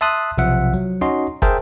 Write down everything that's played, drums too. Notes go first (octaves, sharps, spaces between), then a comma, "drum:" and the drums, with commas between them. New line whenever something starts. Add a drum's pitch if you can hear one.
E5 A5 C6 D#6 F#6
B1 C3 F3 F4 E5 F#5
F#3
C#4 D#4 F#4 D#5 C6
G#4 A#4 C5 E5 G5 A5, drum: kick